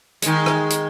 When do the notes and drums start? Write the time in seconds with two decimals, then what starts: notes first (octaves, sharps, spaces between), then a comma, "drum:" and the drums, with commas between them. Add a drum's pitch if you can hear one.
0.22 D#3 G#3, drum: hi-hat
0.46 drum: rim click
0.70 drum: hi-hat